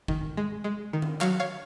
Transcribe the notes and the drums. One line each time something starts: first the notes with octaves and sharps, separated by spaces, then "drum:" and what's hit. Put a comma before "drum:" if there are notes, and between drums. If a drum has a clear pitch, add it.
D#3, drum: kick
G#3
G#3
D#3
drum: tom D#3
F#3 C#5 F5, drum: clap
C#5 F5